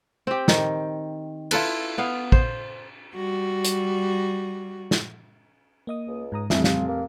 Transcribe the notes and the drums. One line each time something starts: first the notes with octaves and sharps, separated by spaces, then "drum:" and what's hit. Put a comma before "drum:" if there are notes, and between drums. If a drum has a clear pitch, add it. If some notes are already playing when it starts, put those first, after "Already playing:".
C4 G4
D#3, drum: snare
E4 F4 A4 B4, drum: cymbal
B3 F5
C5, drum: kick
G3 F#4
drum: hi-hat
drum: snare
A#3 D#5 D#6
C#2
G#2 A#5 D#6
F1 F2 C#3 E3 G3 E4, drum: snare
F4, drum: snare
A#3